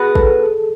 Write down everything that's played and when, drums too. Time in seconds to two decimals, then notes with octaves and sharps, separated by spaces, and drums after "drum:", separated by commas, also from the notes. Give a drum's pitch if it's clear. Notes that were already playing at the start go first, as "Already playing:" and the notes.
Already playing: B3 F#4 G#4 B4 F#5
0.15 A4, drum: kick